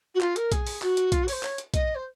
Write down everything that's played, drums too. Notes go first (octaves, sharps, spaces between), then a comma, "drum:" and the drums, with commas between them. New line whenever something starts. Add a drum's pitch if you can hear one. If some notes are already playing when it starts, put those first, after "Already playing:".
F#4
F4, drum: clap
A#4, drum: hi-hat
G#4, drum: kick, hi-hat
drum: open hi-hat
F#4, drum: clap
drum: hi-hat
F4, drum: kick, hi-hat
F#4
C#5, drum: open hi-hat
C5
C#5, drum: clap
drum: hi-hat
D#5, drum: kick, hi-hat
C5